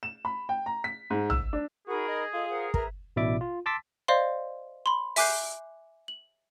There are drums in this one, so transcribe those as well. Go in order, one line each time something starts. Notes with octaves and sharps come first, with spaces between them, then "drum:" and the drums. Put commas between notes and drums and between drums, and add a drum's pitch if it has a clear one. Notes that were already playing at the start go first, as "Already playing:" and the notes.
E7
B5
G5
A#5
B6
G#2
E6, drum: tom A1
D4
D#4 F#4 G#4 A#4 B5
D#5
F4 A4 D#5
A#4 C5 F#5
A#4 B4 E5 A#5, drum: kick
A1 B2 E4 D5 E5 D6
F4
A5 C6 D6 E6 A6 B6
C5 D5 D#5 F5 C6
B5 C6
E5 G#5 D6 F#6 G6 C7, drum: open hi-hat
F#7